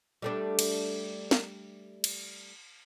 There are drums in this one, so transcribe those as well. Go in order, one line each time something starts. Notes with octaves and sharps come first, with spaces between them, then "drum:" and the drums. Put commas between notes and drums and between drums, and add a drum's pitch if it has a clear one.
G3 A3 D4
drum: cymbal
drum: snare
drum: cymbal